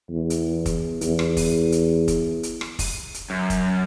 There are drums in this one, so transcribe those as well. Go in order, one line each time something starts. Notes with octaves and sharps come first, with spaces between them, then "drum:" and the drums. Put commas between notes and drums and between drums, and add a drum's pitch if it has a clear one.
E2
drum: hi-hat
drum: kick, hi-hat
E2, drum: hi-hat
drum: rim click
drum: kick, open hi-hat
drum: hi-hat
drum: kick, hi-hat
drum: hi-hat
drum: rim click
drum: kick, open hi-hat
drum: hi-hat
F#2
drum: kick, hi-hat